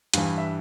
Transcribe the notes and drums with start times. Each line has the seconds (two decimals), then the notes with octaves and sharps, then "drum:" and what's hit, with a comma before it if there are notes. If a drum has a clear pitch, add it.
0.14 G2 E3 F5, drum: hi-hat
0.38 E5